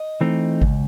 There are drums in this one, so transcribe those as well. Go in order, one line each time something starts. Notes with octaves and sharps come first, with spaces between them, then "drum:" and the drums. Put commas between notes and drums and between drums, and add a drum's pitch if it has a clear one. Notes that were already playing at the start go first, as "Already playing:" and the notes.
Already playing: D#5
E3 A3 C4 D#4
C#2, drum: kick G#1